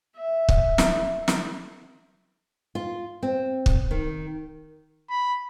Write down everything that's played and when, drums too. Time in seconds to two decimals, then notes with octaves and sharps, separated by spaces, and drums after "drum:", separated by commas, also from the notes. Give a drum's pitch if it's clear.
0.16 E5
0.49 drum: kick
0.78 drum: snare
1.28 drum: snare
2.75 F4
3.23 C4
3.66 drum: kick
3.91 D#3
5.10 B5